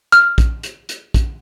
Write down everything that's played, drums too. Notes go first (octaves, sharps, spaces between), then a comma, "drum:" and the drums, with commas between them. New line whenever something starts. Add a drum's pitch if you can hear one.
F6, drum: hi-hat
drum: kick, hi-hat
drum: hi-hat
drum: hi-hat
drum: kick, hi-hat